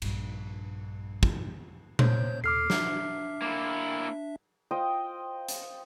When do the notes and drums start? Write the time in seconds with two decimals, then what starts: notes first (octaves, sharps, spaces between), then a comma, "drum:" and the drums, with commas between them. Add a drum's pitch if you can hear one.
0.02 A#1 G2, drum: cymbal
1.23 drum: kick
1.99 C5 C#5 G6, drum: tom A#2
2.44 D#2 A4 D6 F6 C7
2.70 D4 E5, drum: snare
3.42 A#3 E4
4.71 F4 C5 D#5 G5
5.49 drum: hi-hat